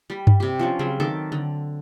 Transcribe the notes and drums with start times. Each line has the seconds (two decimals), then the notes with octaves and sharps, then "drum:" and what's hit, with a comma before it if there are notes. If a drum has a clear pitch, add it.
0.10 G3 B5
0.27 drum: tom G2
0.40 C3 G4
0.59 F3 C#4 D4
0.79 C#3 F#3 G3 C4
1.00 D#3 A4 E5 D6
1.32 D3